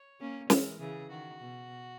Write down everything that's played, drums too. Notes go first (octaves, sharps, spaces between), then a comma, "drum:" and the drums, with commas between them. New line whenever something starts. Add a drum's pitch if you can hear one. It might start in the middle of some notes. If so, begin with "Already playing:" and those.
Already playing: C#5
A#3 C#4
E3 G#3 A#4, drum: snare
C#3 E3 G#4
D#3 F#4
B2